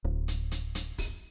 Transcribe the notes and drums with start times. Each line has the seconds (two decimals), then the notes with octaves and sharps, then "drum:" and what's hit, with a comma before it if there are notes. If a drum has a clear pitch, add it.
0.05 D1
0.28 drum: hi-hat
0.51 drum: hi-hat
0.75 drum: hi-hat
0.98 drum: kick, open hi-hat